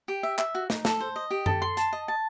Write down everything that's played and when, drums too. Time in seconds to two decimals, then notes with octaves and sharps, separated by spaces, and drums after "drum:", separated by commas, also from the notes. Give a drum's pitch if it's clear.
0.08 G4
0.23 E5
0.38 E5, drum: clap
0.55 F#4
0.70 D#4, drum: snare
0.85 A4, drum: snare
1.00 C5
1.16 D#5
1.31 G4
1.46 A4, drum: tom F#2
1.62 C6
1.77 A5, drum: hi-hat
1.93 D#5
2.08 A5